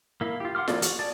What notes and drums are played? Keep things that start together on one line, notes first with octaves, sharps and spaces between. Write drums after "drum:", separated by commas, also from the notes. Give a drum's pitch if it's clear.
A#3 E4
F4 G4
F5 F#5 C6 D6 F6
E3 A#3 G#4 A4 D5, drum: snare F4
F#4, drum: hi-hat
G#4 D5 A5